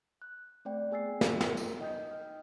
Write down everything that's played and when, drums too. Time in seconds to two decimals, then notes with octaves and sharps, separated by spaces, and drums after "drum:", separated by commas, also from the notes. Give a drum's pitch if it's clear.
0.22 F#6
0.65 A3 C4 D5 G5
0.91 B3 G#4 G#5 E6 A6 C7
1.21 drum: snare
1.41 drum: snare
1.57 drum: tambourine
1.80 D#4 D#5 G5 D#6 G6
2.11 F6